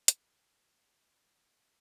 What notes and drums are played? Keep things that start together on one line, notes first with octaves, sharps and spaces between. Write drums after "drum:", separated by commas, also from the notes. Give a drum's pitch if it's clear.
A5, drum: hi-hat
B5
G5
F#5
F#5
G5
B5
B5
B5
D5
C#5
B4